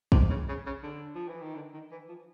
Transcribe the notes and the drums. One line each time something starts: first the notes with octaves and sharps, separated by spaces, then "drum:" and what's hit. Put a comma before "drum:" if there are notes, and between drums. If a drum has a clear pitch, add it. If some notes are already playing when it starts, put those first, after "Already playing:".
C3, drum: kick
C#3
C#3
C#3
D3
F3
E3
D#3
D3
D#3
E3
F3